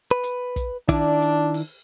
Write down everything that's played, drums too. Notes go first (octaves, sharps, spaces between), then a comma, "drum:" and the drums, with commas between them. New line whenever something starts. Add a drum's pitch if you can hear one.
B4
drum: hi-hat
drum: kick, hi-hat
D#3 D4 E4 D5, drum: kick, hi-hat
drum: hi-hat
drum: open hi-hat